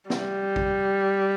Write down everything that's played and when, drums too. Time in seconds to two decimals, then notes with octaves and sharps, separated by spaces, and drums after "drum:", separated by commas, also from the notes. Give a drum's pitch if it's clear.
0.10 G3, drum: snare
0.56 drum: kick A1